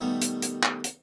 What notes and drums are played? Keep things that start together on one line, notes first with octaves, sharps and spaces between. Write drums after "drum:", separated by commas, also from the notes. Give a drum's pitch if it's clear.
B2 D#3 G3 A3 B3
drum: hi-hat
drum: hi-hat
drum: clap
drum: hi-hat